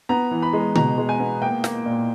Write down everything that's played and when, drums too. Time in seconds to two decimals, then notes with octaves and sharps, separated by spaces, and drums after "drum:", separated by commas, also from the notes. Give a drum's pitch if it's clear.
0.09 B3 A#5
0.31 E3
0.42 B5
0.53 G#3
0.75 B2 A#5, drum: tom C#3
0.98 G#3
1.09 G#5
1.20 B3
1.42 A#3 G5
1.64 A#3, drum: snare
1.86 A#2